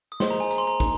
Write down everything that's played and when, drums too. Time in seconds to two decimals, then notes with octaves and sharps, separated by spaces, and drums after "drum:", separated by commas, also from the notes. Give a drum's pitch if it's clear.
0.12 D#6
0.20 A#3 G#4 C5 D#5 C6, drum: snare
0.30 A#5
0.40 G#5
0.51 A#5, drum: hi-hat
0.58 C6
0.67 A#5
0.80 A#3 D#4, drum: kick, hi-hat